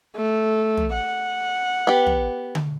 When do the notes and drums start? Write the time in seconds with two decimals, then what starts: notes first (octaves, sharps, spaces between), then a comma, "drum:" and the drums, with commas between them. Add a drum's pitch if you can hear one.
0.16 A3
0.77 drum: tom
0.94 F#5
1.87 B3 G4
2.07 drum: tom
2.55 drum: tom D3